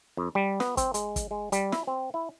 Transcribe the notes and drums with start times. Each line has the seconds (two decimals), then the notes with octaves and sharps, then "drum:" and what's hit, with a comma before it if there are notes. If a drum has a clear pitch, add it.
0.17 F2
0.35 G3
0.60 B3, drum: snare
0.77 C4, drum: kick, hi-hat
0.94 G#3, drum: hi-hat
1.16 drum: kick, hi-hat
1.31 G#3
1.52 G3, drum: hi-hat
1.72 E4, drum: snare
1.87 C4
2.14 E4